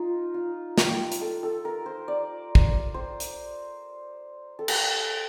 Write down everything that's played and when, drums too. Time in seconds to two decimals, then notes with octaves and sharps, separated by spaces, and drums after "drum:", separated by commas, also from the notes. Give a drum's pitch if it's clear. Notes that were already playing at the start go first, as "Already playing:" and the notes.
Already playing: D#4 F4
0.34 F4
0.78 G4, drum: snare
1.12 drum: hi-hat
1.21 A4
1.43 A4
1.65 A#4
1.86 C5
2.08 D5
2.55 drum: kick
2.94 C5
3.20 drum: hi-hat
4.59 A4
4.68 G4, drum: cymbal